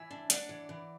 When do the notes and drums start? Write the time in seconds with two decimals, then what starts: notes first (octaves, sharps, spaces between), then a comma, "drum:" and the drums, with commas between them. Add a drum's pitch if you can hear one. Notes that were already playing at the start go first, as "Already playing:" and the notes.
Already playing: E3 E5 G#5
0.11 D4
0.30 D4 D5 F#5, drum: hi-hat
0.49 E3
0.69 E3